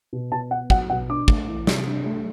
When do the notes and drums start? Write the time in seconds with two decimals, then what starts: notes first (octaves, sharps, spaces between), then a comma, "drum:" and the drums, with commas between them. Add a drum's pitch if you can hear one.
0.13 B2
0.32 B2 A5
0.51 B3 F#5
0.70 F#3 F#5, drum: kick
0.90 B2 F#5
1.09 D4 D6
1.28 A3, drum: kick
1.48 E3
1.67 C3, drum: snare
1.87 D4
2.06 A3